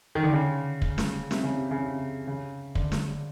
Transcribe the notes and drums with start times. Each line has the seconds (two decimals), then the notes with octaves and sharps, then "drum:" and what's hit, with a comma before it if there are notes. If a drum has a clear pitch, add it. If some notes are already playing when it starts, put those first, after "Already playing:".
0.15 D#3
0.23 D3
0.33 C#3
0.82 drum: kick
0.98 drum: snare
1.31 C3, drum: snare
1.44 C#3
1.57 C3
1.71 C#3
1.84 C3
2.27 C#3
2.75 D3, drum: kick
2.92 drum: snare